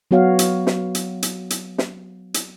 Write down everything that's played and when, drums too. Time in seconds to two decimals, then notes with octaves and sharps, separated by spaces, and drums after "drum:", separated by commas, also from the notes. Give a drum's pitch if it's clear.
0.11 F#3 B3 F#4 C#5 F5
0.39 drum: hi-hat
0.67 drum: snare
0.95 drum: hi-hat
1.23 drum: hi-hat
1.50 drum: hi-hat
1.78 drum: snare
2.34 drum: hi-hat